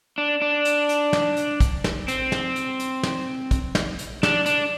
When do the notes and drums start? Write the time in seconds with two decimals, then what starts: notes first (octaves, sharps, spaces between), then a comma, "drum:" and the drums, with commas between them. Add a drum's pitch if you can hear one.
0.18 D4
0.42 D4
0.65 drum: hi-hat
0.89 drum: hi-hat
1.13 drum: snare
1.37 drum: hi-hat
1.60 drum: kick, hi-hat
1.84 drum: snare
2.08 C4, drum: hi-hat
2.32 drum: snare
2.56 drum: hi-hat
2.80 drum: hi-hat
3.03 drum: snare
3.51 drum: kick, hi-hat
3.75 drum: snare
3.99 drum: hi-hat
4.23 D4, drum: snare
4.46 D4, drum: hi-hat